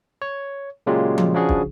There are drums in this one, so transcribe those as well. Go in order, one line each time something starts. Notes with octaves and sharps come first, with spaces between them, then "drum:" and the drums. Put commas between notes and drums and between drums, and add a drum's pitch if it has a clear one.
C#5
A#2 C#3 F#3 G#3 F4 G4
drum: tom F3
C#3 F3 D4 F#4 G#4
drum: kick